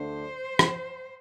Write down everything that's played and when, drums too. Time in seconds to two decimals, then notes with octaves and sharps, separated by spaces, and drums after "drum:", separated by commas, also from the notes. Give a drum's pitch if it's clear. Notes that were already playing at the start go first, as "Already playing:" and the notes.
Already playing: D2 D3 A3 D4 C5
0.59 drum: rim click